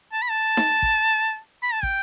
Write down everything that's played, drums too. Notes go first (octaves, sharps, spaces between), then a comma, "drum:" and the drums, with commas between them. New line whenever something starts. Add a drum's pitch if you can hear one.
A5
B5
A5
drum: snare D#4
drum: kick
B5
A5
G5, drum: kick